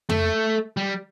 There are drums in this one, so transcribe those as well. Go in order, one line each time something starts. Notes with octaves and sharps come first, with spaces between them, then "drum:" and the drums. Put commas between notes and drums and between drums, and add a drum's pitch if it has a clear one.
A3, drum: tom F2
G3